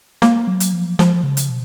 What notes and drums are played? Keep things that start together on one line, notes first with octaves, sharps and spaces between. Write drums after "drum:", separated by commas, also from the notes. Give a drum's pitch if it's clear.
A#3, drum: snare
F#3
drum: hi-hat
F3
F3, drum: snare
C#3
drum: hi-hat
B2